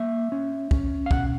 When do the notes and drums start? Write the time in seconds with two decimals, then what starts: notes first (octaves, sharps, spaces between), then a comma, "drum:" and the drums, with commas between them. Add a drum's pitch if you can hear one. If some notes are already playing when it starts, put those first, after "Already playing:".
Already playing: A#3 E5
0.32 C#4
0.71 C#4, drum: kick
1.06 F5
1.11 B2 F#5, drum: kick